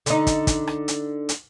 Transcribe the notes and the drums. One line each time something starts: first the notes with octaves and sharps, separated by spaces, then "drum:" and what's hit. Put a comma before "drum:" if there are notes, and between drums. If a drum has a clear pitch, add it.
D3 D#4, drum: hi-hat
drum: kick, hi-hat
drum: kick, hi-hat
drum: rim click
drum: hi-hat
drum: hi-hat